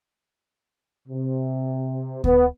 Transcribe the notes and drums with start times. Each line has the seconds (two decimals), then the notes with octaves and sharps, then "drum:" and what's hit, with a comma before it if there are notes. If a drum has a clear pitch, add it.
1.08 C3
2.24 B3, drum: kick D2